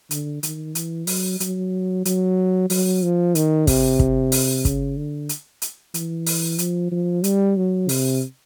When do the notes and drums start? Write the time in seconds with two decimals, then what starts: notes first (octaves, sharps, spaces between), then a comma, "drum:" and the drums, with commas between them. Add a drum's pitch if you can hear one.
0.11 D3, drum: hi-hat
0.43 D#3, drum: hi-hat
0.75 E3, drum: hi-hat
1.07 F#3, drum: open hi-hat
1.40 F#3, drum: hi-hat
2.05 F#3, drum: hi-hat
2.70 F#3, drum: open hi-hat
3.03 F3
3.35 D#3, drum: hi-hat
3.67 C3, drum: kick, open hi-hat
3.99 drum: kick
4.32 drum: open hi-hat
4.65 C#3, drum: kick, hi-hat
4.97 D3
5.29 drum: hi-hat
5.62 drum: hi-hat
5.94 E3, drum: hi-hat
6.26 drum: open hi-hat
6.58 F3, drum: hi-hat
6.91 F3
7.24 G3, drum: hi-hat
7.57 F#3
7.89 C3, drum: open hi-hat